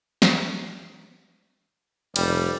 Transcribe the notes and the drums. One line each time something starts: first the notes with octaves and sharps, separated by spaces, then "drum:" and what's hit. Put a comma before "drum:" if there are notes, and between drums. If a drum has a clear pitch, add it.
drum: snare
F1 G3, drum: cymbal